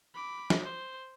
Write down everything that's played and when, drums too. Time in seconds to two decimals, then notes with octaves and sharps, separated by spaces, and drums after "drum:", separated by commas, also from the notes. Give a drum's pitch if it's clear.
0.15 B5 D6
0.50 drum: snare
0.63 C5